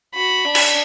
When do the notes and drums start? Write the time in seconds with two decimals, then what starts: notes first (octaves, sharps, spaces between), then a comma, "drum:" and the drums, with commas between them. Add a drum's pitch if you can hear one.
0.15 F#4 B5
0.45 D4
0.55 drum: cymbal